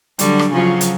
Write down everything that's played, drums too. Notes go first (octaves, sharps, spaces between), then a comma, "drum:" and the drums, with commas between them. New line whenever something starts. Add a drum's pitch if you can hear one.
D3 F#3 G3, drum: hi-hat
drum: rim click
C#3 F3 F#3
drum: hi-hat